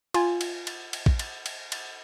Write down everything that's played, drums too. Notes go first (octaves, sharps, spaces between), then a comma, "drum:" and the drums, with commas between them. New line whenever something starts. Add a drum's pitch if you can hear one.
F4 G#5, drum: cymbal
drum: cymbal
drum: cymbal
drum: cymbal
drum: kick
drum: cymbal
drum: cymbal
drum: cymbal